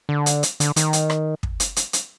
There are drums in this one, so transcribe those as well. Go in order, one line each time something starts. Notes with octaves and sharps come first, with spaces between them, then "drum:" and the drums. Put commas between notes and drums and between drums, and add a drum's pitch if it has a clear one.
D3
drum: hi-hat
drum: hi-hat
D3, drum: hi-hat
D#3, drum: hi-hat
drum: hi-hat
drum: rim click
drum: kick
drum: hi-hat
drum: hi-hat
drum: hi-hat